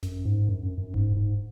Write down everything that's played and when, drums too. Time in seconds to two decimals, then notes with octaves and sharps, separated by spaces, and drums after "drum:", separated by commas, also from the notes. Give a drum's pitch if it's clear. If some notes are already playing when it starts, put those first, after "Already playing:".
0.03 F#2, drum: snare G#1
0.25 G#2
0.49 F#2
0.63 F#2
0.78 F#2
0.94 G#2, drum: kick E1
1.17 G#2